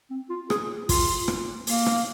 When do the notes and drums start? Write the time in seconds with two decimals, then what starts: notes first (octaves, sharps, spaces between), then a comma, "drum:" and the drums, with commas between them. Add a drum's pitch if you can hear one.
0.10 C4
0.30 F4
0.50 G#4, drum: rim click
0.89 F4, drum: kick, open hi-hat
1.28 drum: rim click
1.67 A#3, drum: open hi-hat
1.86 drum: rim click